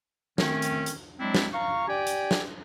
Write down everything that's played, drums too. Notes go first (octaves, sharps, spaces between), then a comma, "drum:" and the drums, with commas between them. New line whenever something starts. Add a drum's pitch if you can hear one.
D#3 A3 C4 C#4, drum: snare
drum: hi-hat
drum: hi-hat
F#3 G#3 C4 D4 E4
drum: snare
F5 A#5 C#6
G4 D5 G5 G#5
drum: hi-hat
drum: snare